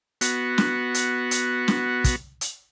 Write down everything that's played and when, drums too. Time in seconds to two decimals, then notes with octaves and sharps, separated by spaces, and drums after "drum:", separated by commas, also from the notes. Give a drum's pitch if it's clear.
0.21 B3 F#4, drum: hi-hat
0.58 drum: snare
0.94 drum: hi-hat
1.31 drum: hi-hat
1.68 drum: snare
2.04 drum: kick, hi-hat
2.41 drum: hi-hat